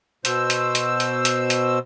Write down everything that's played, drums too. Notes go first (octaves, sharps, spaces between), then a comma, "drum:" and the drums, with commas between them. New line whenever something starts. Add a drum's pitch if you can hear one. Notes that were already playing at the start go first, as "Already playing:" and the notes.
B2 C5 E6, drum: hi-hat
drum: hi-hat
drum: hi-hat
drum: hi-hat
drum: hi-hat
drum: hi-hat